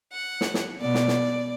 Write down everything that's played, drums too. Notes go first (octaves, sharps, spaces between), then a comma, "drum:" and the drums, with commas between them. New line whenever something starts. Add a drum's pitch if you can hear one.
F#5
drum: snare
drum: snare
B2 D5
drum: snare
drum: snare